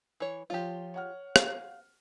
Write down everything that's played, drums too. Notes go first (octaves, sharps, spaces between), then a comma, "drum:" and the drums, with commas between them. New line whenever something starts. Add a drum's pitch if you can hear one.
E3 C#5
F3 F4 G4 C#5
C#5 F#5 F6
F5, drum: rim click